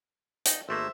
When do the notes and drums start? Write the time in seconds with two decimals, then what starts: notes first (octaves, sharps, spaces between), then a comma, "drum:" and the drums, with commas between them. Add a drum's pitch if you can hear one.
0.46 D#4, drum: hi-hat
0.69 G#1 A3 A#3 C5 E5